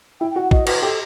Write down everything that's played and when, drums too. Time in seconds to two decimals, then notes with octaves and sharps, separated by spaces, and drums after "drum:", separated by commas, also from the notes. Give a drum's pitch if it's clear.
0.20 E4 G5
0.31 F#4 G5
0.41 F#5
0.51 F#4 D#5, drum: kick
0.67 F#4 B4, drum: cymbal
0.82 G4 A4